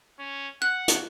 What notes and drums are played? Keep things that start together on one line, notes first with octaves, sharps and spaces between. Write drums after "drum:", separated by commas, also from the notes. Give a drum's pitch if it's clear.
C#4
F#5 F#6
drum: hi-hat